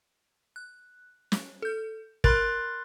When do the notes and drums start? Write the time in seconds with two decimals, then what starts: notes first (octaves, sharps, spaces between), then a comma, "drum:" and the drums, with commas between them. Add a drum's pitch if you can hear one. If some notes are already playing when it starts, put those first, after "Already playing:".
0.56 F#6
1.32 drum: snare
1.62 A4 G6
2.24 A#4 B5 C6 F6 F#6 A6, drum: kick